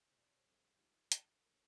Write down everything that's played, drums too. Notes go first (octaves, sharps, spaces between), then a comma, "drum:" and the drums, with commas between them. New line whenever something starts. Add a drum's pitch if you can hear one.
E2 B2 G#3 C5
D5
C#5
C5
F2 D3 G3 C4
G#2 D#3 G3 C4 F4
D2 D3 F3 E5, drum: hi-hat
D3 F#3 A#3